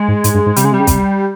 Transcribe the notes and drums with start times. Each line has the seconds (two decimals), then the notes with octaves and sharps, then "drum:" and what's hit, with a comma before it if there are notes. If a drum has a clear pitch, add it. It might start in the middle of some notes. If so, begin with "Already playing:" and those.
Already playing: G#3
0.08 G#2
0.24 G#2, drum: hi-hat
0.34 G2
0.46 G#2
0.56 C3 G3, drum: hi-hat
0.64 C#3 G#3
0.72 C3 G3
0.80 C#3
0.87 C3, drum: kick, hi-hat